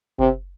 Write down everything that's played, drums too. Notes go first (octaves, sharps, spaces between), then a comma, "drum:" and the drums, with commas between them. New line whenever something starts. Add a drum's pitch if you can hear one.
C3, drum: kick F#1